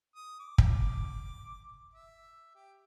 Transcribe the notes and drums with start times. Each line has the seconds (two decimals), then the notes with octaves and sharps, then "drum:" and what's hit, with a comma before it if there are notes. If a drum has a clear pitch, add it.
0.16 D#6
0.40 D6
0.58 drum: kick
1.94 E5
2.55 G4